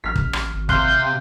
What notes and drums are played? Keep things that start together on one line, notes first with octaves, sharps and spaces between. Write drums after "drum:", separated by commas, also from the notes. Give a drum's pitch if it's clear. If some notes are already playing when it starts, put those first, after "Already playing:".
A1 F6 B6
drum: kick
drum: rim click
G#1
C3 F5 C6 F#6 G6, drum: kick